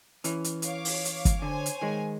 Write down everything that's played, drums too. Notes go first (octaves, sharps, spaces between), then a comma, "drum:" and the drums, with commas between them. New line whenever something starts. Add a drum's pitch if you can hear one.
E3 C#4, drum: hi-hat
drum: hi-hat
C#5 F5 D6, drum: hi-hat
drum: open hi-hat
drum: hi-hat
drum: kick, hi-hat
D3 C5 C#5 G#5
drum: hi-hat
D#3 G#3